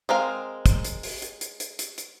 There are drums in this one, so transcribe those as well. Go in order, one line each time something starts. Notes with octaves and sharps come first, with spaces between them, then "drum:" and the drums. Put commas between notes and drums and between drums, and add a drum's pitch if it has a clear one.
G#3 C4 A#4 F5
drum: kick, hi-hat
drum: hi-hat
drum: open hi-hat
drum: hi-hat
drum: hi-hat
drum: hi-hat
drum: hi-hat
drum: hi-hat